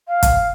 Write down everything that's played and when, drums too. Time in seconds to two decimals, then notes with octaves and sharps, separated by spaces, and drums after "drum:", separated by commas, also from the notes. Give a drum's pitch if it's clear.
0.08 F5
0.23 drum: kick, hi-hat